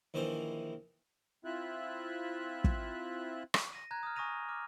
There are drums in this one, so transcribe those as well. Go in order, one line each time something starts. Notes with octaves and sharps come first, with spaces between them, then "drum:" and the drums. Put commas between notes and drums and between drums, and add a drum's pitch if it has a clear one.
A#1 D#3 E3 C5
C4 E4 F4 E5 F#6
drum: kick
drum: rim click
A#6 D#7
A#5 F#6 G#6
D#6 F6
G#5 C#6 D#6 A#6 D#7 F7
D6 F6